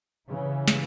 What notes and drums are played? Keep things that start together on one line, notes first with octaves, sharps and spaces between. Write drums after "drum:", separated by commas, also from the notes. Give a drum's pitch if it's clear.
C#3 E3
drum: snare